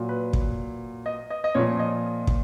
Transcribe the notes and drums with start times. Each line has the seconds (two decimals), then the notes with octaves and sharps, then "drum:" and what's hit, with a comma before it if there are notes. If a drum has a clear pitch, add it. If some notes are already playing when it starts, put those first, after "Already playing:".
Already playing: A#2 F#3
0.09 B4
0.33 drum: kick
1.06 D#5
1.30 D#5
1.44 D#5
1.55 A#2 F3 C#5
1.79 D#5
2.27 drum: kick